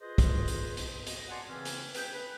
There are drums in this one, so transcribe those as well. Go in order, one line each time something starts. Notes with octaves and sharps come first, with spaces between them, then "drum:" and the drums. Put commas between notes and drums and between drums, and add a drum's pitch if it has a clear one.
F4 G#4 B4 C5 D#5
drum: kick, hi-hat
drum: hi-hat
drum: hi-hat
F#4 D#5, drum: hi-hat
D5 F#5 G#5 A5 C6
C#3 E3 C4 C#4 G#4
drum: hi-hat
G#4 B4 G5, drum: hi-hat
B4